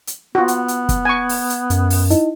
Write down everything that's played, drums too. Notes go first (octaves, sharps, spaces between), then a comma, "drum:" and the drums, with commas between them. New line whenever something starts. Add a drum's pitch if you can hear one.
drum: hi-hat
B3 F4 F#4
drum: hi-hat
drum: hi-hat
drum: kick, hi-hat
G#5 C#6 G#6
drum: open hi-hat
drum: hi-hat
F#2, drum: hi-hat
drum: open hi-hat
D#4 E4 D#5, drum: hi-hat